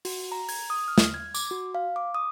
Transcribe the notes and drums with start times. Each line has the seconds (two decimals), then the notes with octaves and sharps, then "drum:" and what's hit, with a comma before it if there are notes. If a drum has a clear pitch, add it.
0.05 F#4, drum: open hi-hat
0.32 A#5
0.49 G#6, drum: open hi-hat
0.70 D#6
0.88 F6
0.98 drum: snare
1.14 G#6
1.34 D6, drum: tambourine
1.51 F#4
1.75 F5
1.96 D6
2.15 D#6